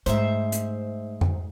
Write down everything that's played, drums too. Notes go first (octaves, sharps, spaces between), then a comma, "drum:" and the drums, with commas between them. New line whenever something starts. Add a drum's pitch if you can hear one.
G#2 A3 C5 E5, drum: hi-hat
drum: hi-hat
drum: tom F2